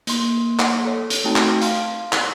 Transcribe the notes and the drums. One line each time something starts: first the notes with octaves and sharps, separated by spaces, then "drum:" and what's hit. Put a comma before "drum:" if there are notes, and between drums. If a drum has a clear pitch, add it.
A#3 C6, drum: hi-hat
drum: clap
A4 C#5
drum: hi-hat
A3 C4 D#4 F#4 G5 A5
drum: clap
F5 C6, drum: hi-hat
drum: clap